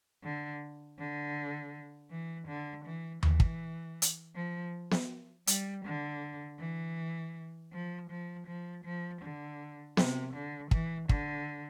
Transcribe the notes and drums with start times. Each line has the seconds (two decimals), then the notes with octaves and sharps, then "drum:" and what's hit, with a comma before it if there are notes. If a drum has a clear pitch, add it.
0.23 D3
0.99 D3
2.11 E3
2.47 D3
2.85 E3
3.23 E3, drum: tom D#2
3.40 drum: kick
4.02 drum: hi-hat
4.35 F3
4.92 drum: snare B3
5.47 G3, drum: hi-hat
5.85 D3
6.60 E3
7.72 F3
8.10 F3
8.47 F3
8.85 F3
9.22 D3
9.97 C3, drum: snare B3
10.34 D3
10.71 E3, drum: kick
11.09 D3, drum: kick